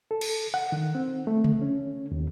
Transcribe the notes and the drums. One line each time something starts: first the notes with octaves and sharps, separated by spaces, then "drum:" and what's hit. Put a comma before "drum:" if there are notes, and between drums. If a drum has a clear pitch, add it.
A4
drum: cymbal
F#5
D#3
C4
A3
drum: tom C#3
C#4
D#2